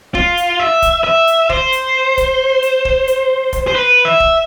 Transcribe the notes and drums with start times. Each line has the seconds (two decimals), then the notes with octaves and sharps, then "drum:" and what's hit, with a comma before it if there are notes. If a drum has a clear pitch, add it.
0.15 F4, drum: kick
0.37 drum: hi-hat
0.60 E5
0.82 drum: kick, hi-hat
1.04 E5
1.27 drum: hi-hat
1.49 C5, drum: kick
1.72 drum: hi-hat
2.17 drum: kick, hi-hat
2.63 drum: hi-hat
2.85 drum: kick
3.08 drum: hi-hat
3.53 drum: kick, hi-hat
3.67 C5
3.75 B4
4.05 E5
4.20 drum: kick